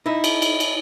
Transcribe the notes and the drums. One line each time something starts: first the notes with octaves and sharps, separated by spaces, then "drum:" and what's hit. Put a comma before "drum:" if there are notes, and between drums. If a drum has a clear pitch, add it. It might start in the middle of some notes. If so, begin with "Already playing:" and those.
D#4 E4
drum: cymbal
drum: cymbal
drum: cymbal